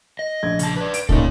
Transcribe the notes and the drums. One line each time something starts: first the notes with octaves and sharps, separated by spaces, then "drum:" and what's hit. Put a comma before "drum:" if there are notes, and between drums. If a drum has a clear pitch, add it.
D#5
A#1 G#6
C#3 A5, drum: hi-hat
B4 D5
D7, drum: hi-hat
A#2 C#3 D#4 A4 C#5, drum: kick